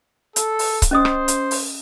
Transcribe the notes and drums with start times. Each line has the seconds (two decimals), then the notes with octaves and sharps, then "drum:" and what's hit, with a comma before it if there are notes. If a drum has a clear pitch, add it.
0.36 A4, drum: hi-hat
0.59 drum: open hi-hat
0.82 drum: kick C#1, hi-hat
0.91 C#4 C5 D#5 D#6
1.05 drum: rim click
1.28 drum: hi-hat
1.51 drum: open hi-hat